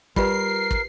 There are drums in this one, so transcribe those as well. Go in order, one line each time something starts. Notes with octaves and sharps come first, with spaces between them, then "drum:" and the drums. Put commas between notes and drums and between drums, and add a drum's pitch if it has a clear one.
G3 F4 G4 A#4 B4 C7, drum: kick
drum: kick